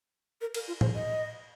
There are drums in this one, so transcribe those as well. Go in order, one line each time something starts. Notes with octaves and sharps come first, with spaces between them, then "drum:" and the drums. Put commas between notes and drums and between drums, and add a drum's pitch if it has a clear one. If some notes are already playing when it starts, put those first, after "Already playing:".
A#4
A#4, drum: cymbal
F4
C5, drum: tom A2
D#5